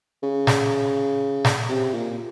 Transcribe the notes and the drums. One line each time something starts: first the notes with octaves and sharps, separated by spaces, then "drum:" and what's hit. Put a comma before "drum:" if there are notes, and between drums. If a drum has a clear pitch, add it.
C#3
drum: snare
drum: snare
C3
A#2